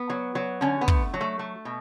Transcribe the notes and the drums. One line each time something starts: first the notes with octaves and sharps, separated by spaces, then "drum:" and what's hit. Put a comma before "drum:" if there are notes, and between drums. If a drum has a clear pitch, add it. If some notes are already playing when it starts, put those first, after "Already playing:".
Already playing: B3
F#3
F#3
D3 C#4
B3
A3, drum: kick
F#3
A3
A3
B2